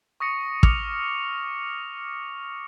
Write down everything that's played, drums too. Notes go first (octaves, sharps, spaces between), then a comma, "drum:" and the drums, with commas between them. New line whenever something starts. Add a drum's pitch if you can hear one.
C#6 D#6 A#6 C#7
D6 D#6 F6 C#7 F7, drum: kick